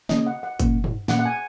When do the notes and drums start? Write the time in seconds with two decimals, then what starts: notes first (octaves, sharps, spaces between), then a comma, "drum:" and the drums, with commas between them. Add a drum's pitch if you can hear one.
0.09 C#3 A#3 C#4 D#5, drum: snare
0.26 F#5
0.43 F#5
0.60 A#2 A#3 C#4, drum: kick F#1, hi-hat
0.84 drum: tom
1.08 A#2 A#3 C#4 F#5, drum: snare
1.19 F#5
1.25 G#5